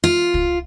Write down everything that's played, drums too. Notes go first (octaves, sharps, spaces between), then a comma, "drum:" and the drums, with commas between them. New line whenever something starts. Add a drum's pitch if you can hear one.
F4
drum: kick